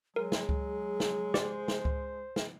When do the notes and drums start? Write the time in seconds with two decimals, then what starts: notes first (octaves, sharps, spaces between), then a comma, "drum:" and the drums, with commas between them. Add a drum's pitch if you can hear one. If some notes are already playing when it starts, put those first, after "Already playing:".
0.16 F#3 G#3 G#4 A#4
0.32 drum: snare
0.49 drum: kick C#2
1.00 drum: snare
1.34 G4 C5 D5, drum: snare
1.68 drum: snare
1.85 drum: kick C#2
2.36 drum: snare